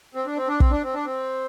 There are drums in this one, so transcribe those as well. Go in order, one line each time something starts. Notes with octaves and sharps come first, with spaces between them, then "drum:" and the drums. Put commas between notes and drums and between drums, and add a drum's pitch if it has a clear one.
C4
D4
C4
D4
C4, drum: kick
D4
C4
D4
C4